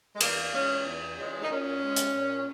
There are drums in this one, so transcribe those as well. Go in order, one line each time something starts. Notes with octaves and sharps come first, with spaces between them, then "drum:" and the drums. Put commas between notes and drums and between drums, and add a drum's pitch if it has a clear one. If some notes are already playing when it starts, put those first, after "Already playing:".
G#3
E2 A#3, drum: cymbal
C#3 E3 G#3 C#4
E2
C#3 E3 G#3
D#4
A#2 C#4
G#3
drum: hi-hat
A#2